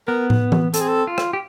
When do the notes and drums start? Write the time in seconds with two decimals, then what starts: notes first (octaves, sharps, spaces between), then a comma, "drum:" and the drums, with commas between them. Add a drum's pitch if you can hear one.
0.08 B3 A#4
0.30 drum: tom
0.52 drum: tom E3
0.74 C4 A4, drum: hi-hat
0.81 G#4
0.88 A4
1.07 F4
1.18 drum: rim click
1.33 G4